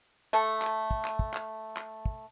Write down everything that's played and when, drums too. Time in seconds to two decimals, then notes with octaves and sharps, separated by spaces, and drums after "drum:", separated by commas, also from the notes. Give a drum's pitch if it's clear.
0.33 A3 A4
0.62 drum: clap
0.91 drum: kick
1.05 drum: clap
1.19 drum: kick
1.34 drum: clap
1.77 drum: clap
2.06 drum: kick